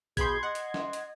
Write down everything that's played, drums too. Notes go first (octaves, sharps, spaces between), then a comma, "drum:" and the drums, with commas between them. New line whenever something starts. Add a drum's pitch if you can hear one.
B2 G#4 B5 C6 G6 G#6, drum: kick A#1, hi-hat
D#5 F#5
drum: hi-hat
drum: snare
drum: hi-hat